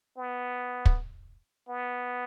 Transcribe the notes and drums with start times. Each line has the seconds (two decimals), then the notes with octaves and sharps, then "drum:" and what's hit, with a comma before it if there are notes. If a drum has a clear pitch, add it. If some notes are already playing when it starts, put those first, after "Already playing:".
0.17 B3
0.86 drum: kick
1.69 B3